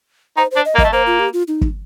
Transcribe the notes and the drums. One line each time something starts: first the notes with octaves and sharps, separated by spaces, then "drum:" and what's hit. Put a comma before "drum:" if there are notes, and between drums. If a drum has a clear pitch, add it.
D#4 C5
C5
D4
D#5
A#3
D#5, drum: kick
A3
A#3 C5
F4
G4
F4
D#4
drum: kick